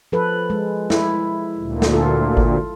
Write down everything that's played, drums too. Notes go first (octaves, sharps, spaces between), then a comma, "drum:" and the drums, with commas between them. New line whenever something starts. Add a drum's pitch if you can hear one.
F3 A4 B4
G#3
E4, drum: snare
D2 A#2
drum: snare
F4 A4
drum: kick G#1